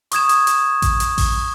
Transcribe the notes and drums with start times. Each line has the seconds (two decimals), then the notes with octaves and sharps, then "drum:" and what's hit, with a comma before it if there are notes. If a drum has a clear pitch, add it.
0.12 C#6 D#6 G#6 E7, drum: hi-hat
0.29 drum: hi-hat
0.47 drum: hi-hat
0.82 drum: kick A1, hi-hat
1.00 drum: hi-hat
1.18 drum: kick A1, open hi-hat